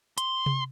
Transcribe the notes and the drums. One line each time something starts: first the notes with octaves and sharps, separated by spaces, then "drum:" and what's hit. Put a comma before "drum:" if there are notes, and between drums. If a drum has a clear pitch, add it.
C6, drum: hi-hat
drum: tom C3